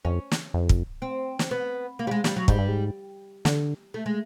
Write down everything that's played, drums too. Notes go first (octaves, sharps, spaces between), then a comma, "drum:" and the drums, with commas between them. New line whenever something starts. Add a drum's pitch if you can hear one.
F2 C#4
drum: snare
F2
drum: kick
C4
drum: snare
B3
A#3
G3
G#3
G3, drum: snare
F#3
G#2 G3, drum: kick
G2
G#2
D3, drum: snare
A3
G#3